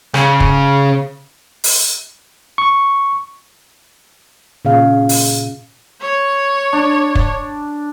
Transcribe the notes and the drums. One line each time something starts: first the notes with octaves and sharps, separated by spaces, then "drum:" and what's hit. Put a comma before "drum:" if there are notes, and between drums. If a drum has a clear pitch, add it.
C#3, drum: rim click
drum: kick
drum: open hi-hat
C#6
A#2 C#3 F5
drum: open hi-hat
C#5
D4
drum: kick